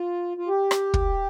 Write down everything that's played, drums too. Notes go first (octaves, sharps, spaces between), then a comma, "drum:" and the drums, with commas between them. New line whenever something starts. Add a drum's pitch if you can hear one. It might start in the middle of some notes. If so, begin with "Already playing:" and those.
Already playing: F4
F4
G4
drum: rim click
drum: kick